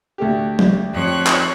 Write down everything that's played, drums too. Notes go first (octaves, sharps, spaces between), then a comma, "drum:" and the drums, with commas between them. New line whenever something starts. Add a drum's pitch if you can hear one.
D2 A3 G4
drum: tom F3
F2 C#5 F#6
drum: clap